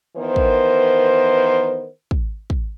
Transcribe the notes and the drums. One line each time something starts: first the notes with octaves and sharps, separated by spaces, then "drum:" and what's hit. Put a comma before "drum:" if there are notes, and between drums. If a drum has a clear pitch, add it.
D#3 E3 B3 A#4 C5
drum: kick
drum: kick
drum: kick